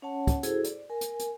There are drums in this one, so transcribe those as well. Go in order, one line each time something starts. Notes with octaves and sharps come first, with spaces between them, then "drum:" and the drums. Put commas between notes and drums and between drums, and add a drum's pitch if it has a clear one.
C#4 C#5 F#5 A5
drum: kick, hi-hat
E4 F#4 G#4 A4 C5, drum: hi-hat
D5, drum: hi-hat
A#4 G#5
drum: hi-hat
drum: hi-hat